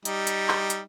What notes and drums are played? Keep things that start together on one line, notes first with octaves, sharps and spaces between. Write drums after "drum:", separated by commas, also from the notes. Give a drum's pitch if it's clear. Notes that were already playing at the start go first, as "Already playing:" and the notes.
G3 D#4, drum: hi-hat
drum: hi-hat
drum: clap
drum: hi-hat